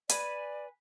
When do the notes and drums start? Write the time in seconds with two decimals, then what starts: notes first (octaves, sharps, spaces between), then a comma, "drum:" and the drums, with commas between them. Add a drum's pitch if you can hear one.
0.09 B4 D5 G#5 B5, drum: hi-hat